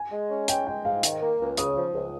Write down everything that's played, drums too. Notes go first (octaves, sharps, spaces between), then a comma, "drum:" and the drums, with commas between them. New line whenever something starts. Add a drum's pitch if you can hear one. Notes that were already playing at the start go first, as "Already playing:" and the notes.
Already playing: G#5
G#3
C#4
G#3 G5, drum: hi-hat
G#3 G5
G#2 F5
D#3, drum: hi-hat
A#3
C#2
C#3 D#6, drum: hi-hat
F3
C#2